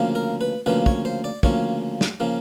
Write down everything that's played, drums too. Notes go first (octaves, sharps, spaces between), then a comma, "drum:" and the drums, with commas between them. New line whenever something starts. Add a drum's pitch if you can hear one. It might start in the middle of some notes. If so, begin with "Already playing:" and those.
Already playing: D2 C#3 F3 A#3
A#4
B4
D2 C#3 F3 A#3 B4
C#5, drum: kick
C5
D5
D2 C#3 F3 A#3 C#5, drum: kick
drum: snare
C#3 F3 A#3